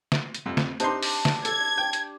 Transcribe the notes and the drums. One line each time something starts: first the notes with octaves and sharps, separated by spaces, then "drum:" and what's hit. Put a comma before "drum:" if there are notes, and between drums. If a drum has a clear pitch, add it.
drum: snare
drum: hi-hat
F2 C3
drum: snare
C4 D4 D#4 G4 C6, drum: hi-hat
drum: open hi-hat
drum: snare
A4 G#6, drum: hi-hat
G5
drum: hi-hat